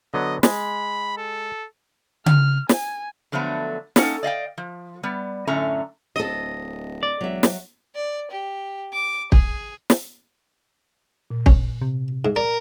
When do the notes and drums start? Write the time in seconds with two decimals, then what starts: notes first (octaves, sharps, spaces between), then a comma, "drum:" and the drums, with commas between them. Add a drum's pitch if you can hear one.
0.14 D3 F#3 B3 D#5
0.43 G#3 B5, drum: snare
1.17 A4
2.26 F6, drum: tom C#3
2.69 G#5, drum: snare
3.32 D3 F3 F#3 A3 B3
3.96 A#3 C#4 D#4 A4 D#5 F#5, drum: snare
4.23 D5 D#5 F5 G5
4.58 F3
5.03 G3 B3
5.47 F#2 A2 D3 C#4 E5 A#5
6.16 D1 C4 A4 D#5
7.03 D5
7.21 E1 F#3 E5
7.43 drum: snare
7.95 D5
8.31 G4
8.93 D6
9.32 G#4, drum: kick
9.90 drum: snare
11.31 A#2
11.46 C#4, drum: kick
11.82 C3
12.25 G#2
12.36 A#4 D5